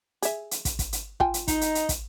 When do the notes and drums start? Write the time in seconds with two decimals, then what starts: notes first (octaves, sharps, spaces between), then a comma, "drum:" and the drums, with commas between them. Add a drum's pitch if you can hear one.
0.22 G#4 E5, drum: hi-hat
0.51 drum: hi-hat
0.65 drum: kick, hi-hat
0.79 drum: kick, hi-hat
0.93 drum: hi-hat
1.20 F4 G5 G#5, drum: kick
1.34 drum: hi-hat
1.48 D#4, drum: kick, hi-hat
1.61 drum: hi-hat
1.75 drum: hi-hat
1.89 drum: kick, hi-hat